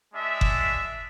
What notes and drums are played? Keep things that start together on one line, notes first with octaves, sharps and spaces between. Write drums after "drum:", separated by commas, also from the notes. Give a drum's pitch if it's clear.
G#3 D4 E5
drum: kick F#1